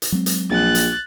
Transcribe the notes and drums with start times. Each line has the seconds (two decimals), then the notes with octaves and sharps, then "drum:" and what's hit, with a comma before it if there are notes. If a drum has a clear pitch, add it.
0.02 drum: hi-hat
0.12 F#3 G#3 C4
0.26 drum: hi-hat
0.50 A#1 F#6 A6
0.75 drum: hi-hat